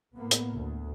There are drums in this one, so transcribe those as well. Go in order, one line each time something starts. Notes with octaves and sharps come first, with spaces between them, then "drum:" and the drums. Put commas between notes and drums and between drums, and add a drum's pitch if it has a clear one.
A2 A#3 B3
drum: hi-hat
D2